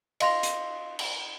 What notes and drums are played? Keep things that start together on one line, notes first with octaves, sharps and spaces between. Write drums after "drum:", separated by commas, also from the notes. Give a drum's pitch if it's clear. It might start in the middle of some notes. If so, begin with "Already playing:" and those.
D#5 F5 C6 A#6 F7, drum: cymbal
drum: hi-hat
drum: cymbal